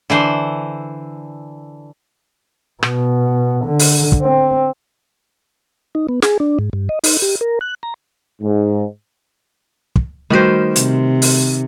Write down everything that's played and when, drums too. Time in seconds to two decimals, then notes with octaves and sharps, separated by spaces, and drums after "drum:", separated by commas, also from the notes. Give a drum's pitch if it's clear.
0.10 D3 E3 C5
2.83 B2, drum: rim click
3.65 D3
3.79 drum: open hi-hat
4.12 drum: kick
4.21 C4
5.95 D#4
6.09 B3
6.22 G#4, drum: snare
6.40 D4
6.59 G#2
6.73 G2
6.89 D#5
7.04 D#4, drum: open hi-hat
7.22 G4
7.41 A#4
7.61 F#6
7.83 A#5
8.41 G#2
9.96 drum: kick
10.30 D#3 G3 A3 F#4 B4 C5
10.76 C3, drum: hi-hat
11.22 drum: open hi-hat